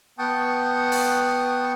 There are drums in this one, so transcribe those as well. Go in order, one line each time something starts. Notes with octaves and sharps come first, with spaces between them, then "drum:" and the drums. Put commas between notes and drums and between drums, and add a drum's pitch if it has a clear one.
B3 F#5 G5 A5 C#6 D#6
drum: open hi-hat